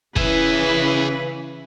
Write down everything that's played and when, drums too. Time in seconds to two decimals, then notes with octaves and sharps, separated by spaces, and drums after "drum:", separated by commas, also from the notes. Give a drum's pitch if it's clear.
0.16 C#3 E3 G#4 B4 E5, drum: kick